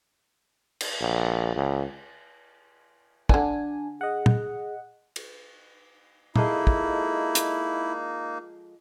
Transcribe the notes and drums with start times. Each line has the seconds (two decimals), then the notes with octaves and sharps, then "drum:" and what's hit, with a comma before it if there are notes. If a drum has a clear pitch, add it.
0.81 drum: cymbal
1.01 A#1
1.56 C#2
3.29 D3 E3 D4 G#5, drum: kick
4.01 G#4 D#5 F#5
4.26 drum: tom A#2
5.16 drum: cymbal
6.36 F3 G#3 A#3 D#4 E4 A4, drum: tom A#2
6.67 drum: kick
7.35 drum: hi-hat